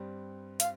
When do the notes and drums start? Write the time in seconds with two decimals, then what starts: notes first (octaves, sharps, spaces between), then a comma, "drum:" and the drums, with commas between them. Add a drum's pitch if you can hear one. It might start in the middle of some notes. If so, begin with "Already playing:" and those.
Already playing: G2 G3 C4
0.60 F5, drum: hi-hat